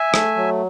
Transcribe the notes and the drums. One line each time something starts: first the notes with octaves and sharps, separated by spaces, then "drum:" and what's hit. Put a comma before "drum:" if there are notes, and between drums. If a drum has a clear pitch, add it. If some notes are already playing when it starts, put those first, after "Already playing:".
Already playing: E5 G#5
A3, drum: rim click
F#3